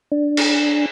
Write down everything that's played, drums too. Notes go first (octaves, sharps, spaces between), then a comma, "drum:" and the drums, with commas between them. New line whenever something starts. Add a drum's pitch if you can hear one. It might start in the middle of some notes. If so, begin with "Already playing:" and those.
D4
drum: cymbal